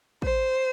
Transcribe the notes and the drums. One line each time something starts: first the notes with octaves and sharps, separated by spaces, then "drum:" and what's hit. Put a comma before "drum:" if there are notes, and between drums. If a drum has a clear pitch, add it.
C5, drum: kick